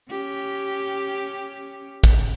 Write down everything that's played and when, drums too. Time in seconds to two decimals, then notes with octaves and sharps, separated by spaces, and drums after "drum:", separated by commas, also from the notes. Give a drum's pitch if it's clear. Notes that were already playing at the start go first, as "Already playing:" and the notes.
0.10 C#4 G4
2.04 drum: kick